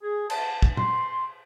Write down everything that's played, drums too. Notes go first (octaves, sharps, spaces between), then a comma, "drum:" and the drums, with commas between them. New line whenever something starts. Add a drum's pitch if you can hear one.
G#4
A5, drum: cymbal
drum: kick
C6, drum: tom A#2